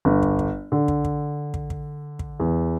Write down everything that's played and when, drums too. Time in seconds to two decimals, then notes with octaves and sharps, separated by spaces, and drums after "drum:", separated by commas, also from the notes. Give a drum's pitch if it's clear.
0.05 G1
0.23 drum: kick
0.39 drum: kick
0.72 D3
0.88 drum: kick
1.05 drum: kick
1.54 drum: kick
1.70 drum: kick
2.19 drum: kick
2.40 E2